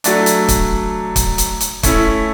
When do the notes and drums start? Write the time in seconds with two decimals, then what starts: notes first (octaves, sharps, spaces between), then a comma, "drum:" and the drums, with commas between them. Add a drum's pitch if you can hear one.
0.04 F#3 A3 D4, drum: hi-hat
0.26 drum: hi-hat
0.49 drum: kick, hi-hat
1.16 drum: kick, hi-hat
1.38 drum: hi-hat
1.60 drum: hi-hat
1.83 A3 C#4 E4, drum: kick, hi-hat